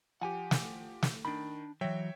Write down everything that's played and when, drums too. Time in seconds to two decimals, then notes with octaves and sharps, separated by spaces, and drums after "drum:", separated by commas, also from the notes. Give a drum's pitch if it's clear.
0.21 F3 G4 F#5 G#5
0.51 drum: snare
1.03 drum: snare
1.25 D#3 D4 B5
1.81 E3 F#3 C#5 E5 G5